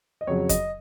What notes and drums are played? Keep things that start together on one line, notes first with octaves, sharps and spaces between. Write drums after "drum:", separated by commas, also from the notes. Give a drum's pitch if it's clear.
D#5
F2 C#3 F#3 C#5
D#5, drum: kick, hi-hat